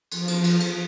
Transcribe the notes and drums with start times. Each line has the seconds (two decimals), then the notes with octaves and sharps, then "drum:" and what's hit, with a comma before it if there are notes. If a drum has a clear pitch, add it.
0.11 F3, drum: cymbal
0.28 drum: cymbal
0.44 drum: cymbal
0.60 drum: cymbal